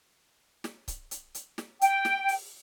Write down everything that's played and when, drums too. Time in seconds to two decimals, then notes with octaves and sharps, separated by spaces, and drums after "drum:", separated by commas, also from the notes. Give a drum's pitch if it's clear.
0.64 drum: snare
0.88 drum: kick C#1, hi-hat
1.11 drum: hi-hat
1.35 drum: hi-hat
1.58 drum: snare
1.81 G5, drum: hi-hat
2.05 drum: snare
2.28 drum: open hi-hat